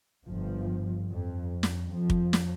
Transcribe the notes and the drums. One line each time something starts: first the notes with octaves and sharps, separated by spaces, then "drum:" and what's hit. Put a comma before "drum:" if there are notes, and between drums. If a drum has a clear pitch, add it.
G1 G2 F3
F2
drum: snare
F2 F3
drum: kick
drum: snare